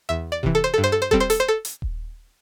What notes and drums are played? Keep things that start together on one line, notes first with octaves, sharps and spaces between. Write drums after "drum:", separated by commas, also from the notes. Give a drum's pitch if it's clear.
E2 E5
D5
C3 E3, drum: kick D#1
A4
C5
G2 A4
C5
A4
C5
G3 C4 A4, drum: kick D#1
C5
A4, drum: hi-hat
C5
A4
drum: hi-hat
drum: kick D#1